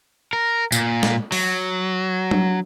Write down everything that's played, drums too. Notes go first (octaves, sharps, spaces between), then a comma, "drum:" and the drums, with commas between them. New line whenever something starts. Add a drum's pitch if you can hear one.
A#4
A#2, drum: tambourine
drum: snare
F#3, drum: open hi-hat
drum: tom F#3